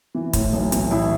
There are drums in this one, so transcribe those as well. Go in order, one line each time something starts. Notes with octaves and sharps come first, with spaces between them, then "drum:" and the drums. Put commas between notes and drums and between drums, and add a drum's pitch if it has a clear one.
E3
A2, drum: kick, hi-hat
B1
E3, drum: hi-hat
A1 E4